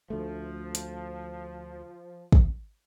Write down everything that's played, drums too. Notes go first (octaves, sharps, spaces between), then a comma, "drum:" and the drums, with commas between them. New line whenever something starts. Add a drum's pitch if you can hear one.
D2 F3 A3
drum: hi-hat
drum: kick